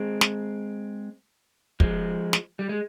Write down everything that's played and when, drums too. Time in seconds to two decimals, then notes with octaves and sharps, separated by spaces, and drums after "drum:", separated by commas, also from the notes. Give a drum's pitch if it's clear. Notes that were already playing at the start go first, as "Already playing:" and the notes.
Already playing: G#3 C4
0.21 drum: snare
1.80 F3 G#3, drum: kick
2.33 drum: snare
2.59 G3
2.69 G#3